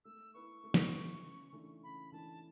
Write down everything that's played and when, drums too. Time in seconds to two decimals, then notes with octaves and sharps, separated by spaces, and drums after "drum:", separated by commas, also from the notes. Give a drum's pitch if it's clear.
0.04 A3 E6
0.34 E4 B4 C#6
0.64 A3
0.74 drum: snare
0.94 E4 B4
1.23 C#3
1.52 E3 A3 D4
1.83 C#3 B5
2.12 E3 A3 D4 A5